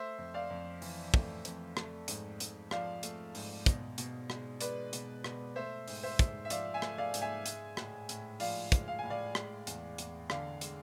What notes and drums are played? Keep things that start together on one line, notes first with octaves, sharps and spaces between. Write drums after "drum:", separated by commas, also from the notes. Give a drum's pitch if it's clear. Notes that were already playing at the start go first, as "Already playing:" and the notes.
Already playing: A3 C5 E5
F2
D5 F5
F2
E3, drum: open hi-hat
A3, drum: kick
F2, drum: hi-hat
A3, drum: rim click
G#2, drum: hi-hat
G#2, drum: hi-hat
F3 D5 F5, drum: rim click
A3, drum: hi-hat
G#2, drum: open hi-hat
B2, drum: kick, hi-hat
B2, drum: hi-hat
G#3, drum: rim click
G#3 B4 D5, drum: hi-hat
B2, drum: hi-hat
B2, drum: rim click
A3 C5 E5
G#2, drum: open hi-hat
C5 E5
G#2, drum: kick, hi-hat
E5
F3 D5 F5, drum: hi-hat
E5 G#5
A3, drum: rim click
D5 F5
G#2, drum: hi-hat
E5 G#5
G#3, drum: hi-hat
A2, drum: rim click
A2, drum: hi-hat
F3 D5 F5, drum: open hi-hat
G#3, drum: kick, hi-hat
F5
A2 G#5
D5 F5
G#3, drum: rim click
E2, drum: hi-hat
E2, drum: hi-hat
D3 D5 F5, drum: rim click
G#3, drum: hi-hat